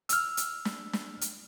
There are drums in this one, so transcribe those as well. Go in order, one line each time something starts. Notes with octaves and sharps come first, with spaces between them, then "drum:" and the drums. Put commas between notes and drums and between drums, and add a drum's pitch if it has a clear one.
E6 F6, drum: hi-hat
drum: hi-hat
drum: snare
drum: snare
drum: hi-hat